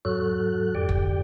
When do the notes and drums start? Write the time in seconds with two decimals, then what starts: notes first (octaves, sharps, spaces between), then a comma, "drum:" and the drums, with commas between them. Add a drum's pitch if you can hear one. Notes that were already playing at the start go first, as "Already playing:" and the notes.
0.05 E2 G#2 F#3 F#4 A4 F#6
0.75 F2 G#2 D3 G4 D5 G5
0.89 drum: kick